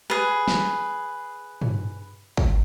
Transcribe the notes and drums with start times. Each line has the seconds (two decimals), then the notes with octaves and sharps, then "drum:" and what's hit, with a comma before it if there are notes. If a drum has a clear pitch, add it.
0.10 G#4 B4
0.48 drum: snare
1.62 drum: tom
2.37 drum: kick